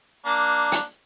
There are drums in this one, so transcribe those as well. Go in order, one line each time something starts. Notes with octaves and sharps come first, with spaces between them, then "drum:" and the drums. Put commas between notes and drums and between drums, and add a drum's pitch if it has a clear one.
A#3 D4
drum: hi-hat